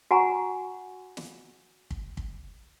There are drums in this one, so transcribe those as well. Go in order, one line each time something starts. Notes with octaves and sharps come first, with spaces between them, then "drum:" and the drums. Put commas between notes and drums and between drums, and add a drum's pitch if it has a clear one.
F#4 F#5 G#5 A#5 C#6
drum: snare
drum: kick
drum: kick